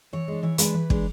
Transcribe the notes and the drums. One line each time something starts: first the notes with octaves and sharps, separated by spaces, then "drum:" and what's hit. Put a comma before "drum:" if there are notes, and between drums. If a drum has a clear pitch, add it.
E3 C#5
G#3 D4
E3 C#5
G#3 D4 B4, drum: hi-hat
E3
G#3 D4, drum: kick